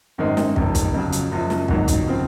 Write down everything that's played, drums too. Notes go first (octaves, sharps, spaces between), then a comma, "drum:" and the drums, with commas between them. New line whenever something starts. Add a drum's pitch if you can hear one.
G#1 F#2 D#3 G#3 C4
drum: snare
F1 F2 D#3, drum: kick
drum: kick, hi-hat
F2 C#3 F#3
drum: hi-hat
F#1 F#2 F3
drum: snare
G#1 G#2 D#3 F#3, drum: kick
drum: kick, hi-hat
C#3 F3 C4